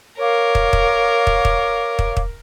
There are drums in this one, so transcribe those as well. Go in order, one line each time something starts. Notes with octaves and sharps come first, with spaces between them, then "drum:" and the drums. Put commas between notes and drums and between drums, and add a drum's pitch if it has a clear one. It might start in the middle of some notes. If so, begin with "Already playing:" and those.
A#4 C#5 F5 D6
drum: kick
drum: kick
drum: kick
drum: kick
drum: kick
drum: kick